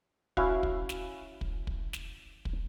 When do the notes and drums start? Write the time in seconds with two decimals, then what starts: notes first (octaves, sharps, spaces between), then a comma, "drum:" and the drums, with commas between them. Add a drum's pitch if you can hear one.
0.37 C#4 E4 F#4 F5, drum: kick
0.63 drum: kick
0.89 drum: snare
1.41 drum: kick
1.67 drum: kick
1.93 drum: snare
2.45 drum: kick